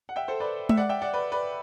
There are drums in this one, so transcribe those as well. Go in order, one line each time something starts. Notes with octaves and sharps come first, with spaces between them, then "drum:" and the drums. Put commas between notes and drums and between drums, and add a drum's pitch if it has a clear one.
F#5
E5 G5
A4 C5
B4 D5
E5, drum: tom G#3
D5 F#5
E5 G5
D5 F#5
B4 D5
B4 D5